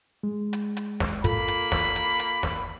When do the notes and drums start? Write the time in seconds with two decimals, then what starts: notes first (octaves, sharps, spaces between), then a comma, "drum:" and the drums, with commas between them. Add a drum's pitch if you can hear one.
0.23 G#3
0.53 drum: hi-hat
0.77 drum: hi-hat
1.00 drum: snare
1.24 A#3 F4 A4 B5, drum: kick, hi-hat
1.48 drum: hi-hat
1.72 drum: snare
1.96 drum: hi-hat
2.19 drum: hi-hat
2.43 drum: snare